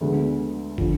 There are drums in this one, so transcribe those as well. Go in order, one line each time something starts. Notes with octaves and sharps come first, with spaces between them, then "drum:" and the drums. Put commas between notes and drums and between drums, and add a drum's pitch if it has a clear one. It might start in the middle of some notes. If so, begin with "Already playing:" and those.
D2 D3 G#3 B3
D3 F3, drum: kick